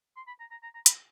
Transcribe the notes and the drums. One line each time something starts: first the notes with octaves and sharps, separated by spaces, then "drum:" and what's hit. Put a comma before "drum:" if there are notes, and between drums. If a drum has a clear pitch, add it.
C6
B5
A#5
A#5
A#5
A#5
B5, drum: hi-hat